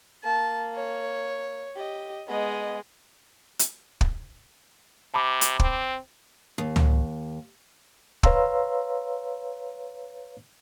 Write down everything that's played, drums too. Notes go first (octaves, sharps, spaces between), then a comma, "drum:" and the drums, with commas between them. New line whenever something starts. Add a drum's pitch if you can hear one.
A#3 A5
C#5
G4 D#5
G#3 B3 D#5
drum: hi-hat
drum: kick
C3 A5 B5 D6
drum: hi-hat
C4, drum: kick
D#2
drum: tom C#2
B4 C#5 F5 A#5 C6 E6, drum: kick